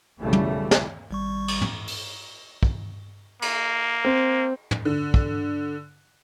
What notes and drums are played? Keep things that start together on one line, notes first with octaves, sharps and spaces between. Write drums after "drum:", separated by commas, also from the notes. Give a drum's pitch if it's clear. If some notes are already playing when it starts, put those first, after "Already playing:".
B1 F#2 C#3 E3 G3 A3
drum: tom
drum: snare
G#1 G3 C#6
drum: cymbal
drum: tom
drum: open hi-hat
drum: kick
A#3, drum: cymbal
C4
drum: tom
D3
drum: kick